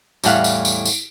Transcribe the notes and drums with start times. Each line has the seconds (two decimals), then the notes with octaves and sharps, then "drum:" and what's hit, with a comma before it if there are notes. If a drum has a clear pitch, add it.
0.24 E2 A2 G3 A3 F5 F#5, drum: tambourine
0.44 drum: tambourine
0.65 drum: tambourine
0.85 drum: tambourine